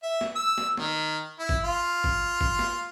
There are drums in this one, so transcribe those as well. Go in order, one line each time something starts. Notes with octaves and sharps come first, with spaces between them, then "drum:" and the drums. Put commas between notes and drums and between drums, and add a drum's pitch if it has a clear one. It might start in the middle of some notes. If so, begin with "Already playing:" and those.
E5
drum: snare
E6
drum: snare
D#3, drum: snare
E4
drum: kick G#1
F4
drum: kick G#1
drum: kick G#1
drum: snare